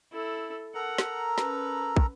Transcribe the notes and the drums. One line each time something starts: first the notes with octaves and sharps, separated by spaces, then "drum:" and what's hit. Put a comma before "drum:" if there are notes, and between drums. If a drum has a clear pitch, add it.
E4 A4
A4 A#4 F#5 A#5
drum: snare
C#4 B4, drum: snare
drum: kick